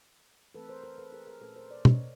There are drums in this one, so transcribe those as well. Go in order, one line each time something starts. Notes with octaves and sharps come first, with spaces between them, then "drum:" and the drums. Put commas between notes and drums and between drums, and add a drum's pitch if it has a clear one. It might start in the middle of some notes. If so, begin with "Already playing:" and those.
E3 A3 C4 A4 B4
A#4 C5
A#4 C5
A4 B4
G#4 A#4
G#4 A#4
A#2 F#3 A3 C#4 A4 B4
A#4 C5
C5 D5
C#5 D#5, drum: tom